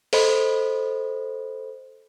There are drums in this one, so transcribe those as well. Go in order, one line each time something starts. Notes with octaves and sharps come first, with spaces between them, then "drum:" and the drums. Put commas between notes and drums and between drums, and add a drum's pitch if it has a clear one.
A4 C5 D#5 B5, drum: open hi-hat